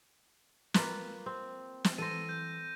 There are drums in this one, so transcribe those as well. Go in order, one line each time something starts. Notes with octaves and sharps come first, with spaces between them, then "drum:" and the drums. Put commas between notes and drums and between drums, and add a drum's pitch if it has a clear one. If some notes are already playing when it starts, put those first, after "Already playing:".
A#3 F4 B4, drum: snare
C4
drum: snare
E3 A4 C5 A#6 D#7
G6